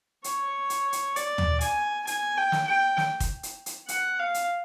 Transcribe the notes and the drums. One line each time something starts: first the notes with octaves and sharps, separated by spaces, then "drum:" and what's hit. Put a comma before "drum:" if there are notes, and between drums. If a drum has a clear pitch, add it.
C#5, drum: hi-hat
drum: hi-hat
drum: hi-hat
D5, drum: hi-hat
drum: tom
G#5, drum: hi-hat
G#5, drum: hi-hat
G5
drum: snare
G5
drum: snare
drum: kick, hi-hat
drum: hi-hat
drum: hi-hat
F#5, drum: hi-hat
F5
drum: hi-hat